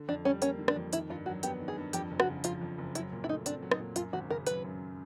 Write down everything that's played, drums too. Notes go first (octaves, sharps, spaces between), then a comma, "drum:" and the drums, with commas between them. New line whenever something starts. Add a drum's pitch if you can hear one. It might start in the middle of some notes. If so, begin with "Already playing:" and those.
Already playing: D3
F2 D4
G3 C#4
A#3 C#4, drum: hi-hat
D3
D4, drum: rim click
F2
D#3 E4, drum: hi-hat
G2 F4
F#3 F#4
B3 G4, drum: hi-hat
D#3
G#4
G2
F2 G4, drum: hi-hat
F#1
F#4, drum: rim click
C#3
F3 F4, drum: hi-hat
F2
F#1
F#3 E4, drum: hi-hat
A#2
E4
A3 D#4
C4 D4, drum: hi-hat
F#3
D#4, drum: rim click
A#2
F#2 F4, drum: hi-hat
G#1 F#4
C#3 A#4
F#3 B4, drum: hi-hat
F#2